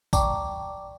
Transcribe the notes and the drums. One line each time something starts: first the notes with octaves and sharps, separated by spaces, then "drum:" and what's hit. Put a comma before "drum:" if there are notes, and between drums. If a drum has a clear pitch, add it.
D5 G5 A5 A#5 C#6 D6, drum: kick A1, tambourine